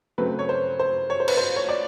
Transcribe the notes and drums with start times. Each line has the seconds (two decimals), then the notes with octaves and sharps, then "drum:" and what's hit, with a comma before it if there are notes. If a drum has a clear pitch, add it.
0.18 C#3 F#3 A3 C4 B4
0.39 C#5
0.49 C5
0.79 C5
1.10 C#5
1.20 C5
1.28 B4, drum: cymbal
1.37 C5
1.56 C#5
1.69 D5